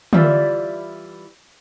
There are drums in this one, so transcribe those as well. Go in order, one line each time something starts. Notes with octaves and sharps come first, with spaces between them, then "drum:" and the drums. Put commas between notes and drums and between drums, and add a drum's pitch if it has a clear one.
E3 G3 E4 F4 D5 E5, drum: tom